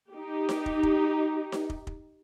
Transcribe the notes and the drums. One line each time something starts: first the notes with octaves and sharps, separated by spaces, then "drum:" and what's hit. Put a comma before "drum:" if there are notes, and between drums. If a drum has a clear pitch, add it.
D#4 G4
drum: snare D#4
drum: kick
drum: kick
drum: snare D#4
drum: kick
drum: kick